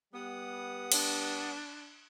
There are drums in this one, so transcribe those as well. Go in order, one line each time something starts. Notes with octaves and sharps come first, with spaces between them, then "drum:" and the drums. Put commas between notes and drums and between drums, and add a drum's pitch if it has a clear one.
G3 B3 F#5 D#6
D4, drum: cymbal